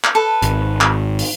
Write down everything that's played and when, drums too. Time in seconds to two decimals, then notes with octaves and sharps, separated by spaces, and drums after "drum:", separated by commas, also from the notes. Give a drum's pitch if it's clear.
0.04 drum: clap
0.15 A4 B4
0.42 G#1, drum: hi-hat
0.81 drum: clap
1.19 drum: open hi-hat